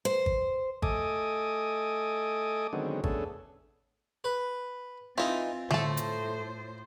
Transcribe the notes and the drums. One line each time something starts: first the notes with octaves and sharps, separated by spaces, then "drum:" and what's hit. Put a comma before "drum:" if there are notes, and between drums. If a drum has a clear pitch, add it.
C5
drum: kick G#1
A3 A4 D#5 G#5 D6 D#6, drum: kick G#1
D3 D#3 F#3 G#3 B3 C4
A3 B3 C#4 D4 G#4 A4, drum: kick G#1
B4
E3 C4 D#4 F4 E5
A2 A3 A4 C5, drum: tom D3
drum: hi-hat